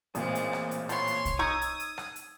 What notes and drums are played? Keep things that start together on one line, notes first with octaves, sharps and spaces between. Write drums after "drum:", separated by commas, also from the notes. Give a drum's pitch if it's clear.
A1 A#2 G#3 C4, drum: hi-hat
drum: hi-hat
drum: rim click
drum: hi-hat
F3 B3 C#5 C6, drum: hi-hat
drum: hi-hat
drum: kick, hi-hat
D#4 A#5 C#6 D#6 E6 G#6
drum: hi-hat
drum: hi-hat
drum: rim click
drum: hi-hat